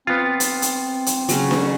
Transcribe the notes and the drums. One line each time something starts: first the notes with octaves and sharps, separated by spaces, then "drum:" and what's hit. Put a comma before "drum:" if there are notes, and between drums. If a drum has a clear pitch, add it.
B3 C4 F4
drum: hi-hat
drum: hi-hat
drum: hi-hat
C#3 F#3, drum: hi-hat
drum: snare